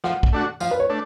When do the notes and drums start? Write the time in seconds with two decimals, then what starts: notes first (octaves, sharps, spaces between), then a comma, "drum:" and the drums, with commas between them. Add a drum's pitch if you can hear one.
0.04 F3 F#5, drum: rim click
0.23 drum: kick
0.33 A3 D4 F#4
0.60 F3 F5, drum: tambourine
0.71 B4
0.80 C#5
0.90 A3 D4